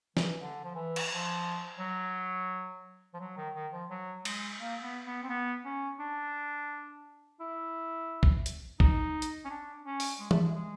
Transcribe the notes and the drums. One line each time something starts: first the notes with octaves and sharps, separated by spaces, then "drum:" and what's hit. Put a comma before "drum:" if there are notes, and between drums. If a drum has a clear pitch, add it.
E3, drum: snare
D3
F3
E3
drum: cymbal
F3
F#3
F3
F#3
D#3
D#3
F3
F#3
G#3, drum: cymbal
A#3
B3
B3
C4
B3
C#4
D4
E4
drum: kick A#1
drum: hi-hat
D#4, drum: kick A#1
drum: hi-hat
C#4
D4
C#4
drum: open hi-hat
G#3
A3, drum: tom E3
G#3
G#3